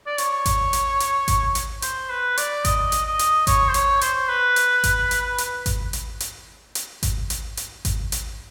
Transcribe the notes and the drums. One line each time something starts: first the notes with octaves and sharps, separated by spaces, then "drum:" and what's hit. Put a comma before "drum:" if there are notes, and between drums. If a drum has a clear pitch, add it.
D5
C#5, drum: hi-hat
drum: kick G#1, hi-hat
drum: hi-hat
drum: hi-hat
drum: kick G#1, hi-hat
drum: hi-hat
C5, drum: hi-hat
B4
D5, drum: hi-hat
D#5, drum: kick G#1, hi-hat
drum: hi-hat
D#5
drum: hi-hat
C#5, drum: kick G#1, hi-hat
C5
C#5, drum: hi-hat
C5, drum: hi-hat
B4
drum: hi-hat
drum: kick G#1, hi-hat
drum: hi-hat
drum: hi-hat
drum: kick G#1, hi-hat
drum: hi-hat
drum: hi-hat
drum: hi-hat
drum: kick G#1, hi-hat
drum: hi-hat
drum: hi-hat
drum: kick G#1, hi-hat
drum: hi-hat